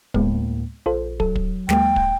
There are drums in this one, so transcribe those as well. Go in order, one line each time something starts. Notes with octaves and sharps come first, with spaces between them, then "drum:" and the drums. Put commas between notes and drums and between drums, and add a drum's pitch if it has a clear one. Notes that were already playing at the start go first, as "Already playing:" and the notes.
D2 A2 G#3 A#3 B3, drum: kick
A#1 F4 A4 C5
F#3 A4, drum: kick
drum: kick
D#2 G#3 A#3 G5, drum: snare
drum: kick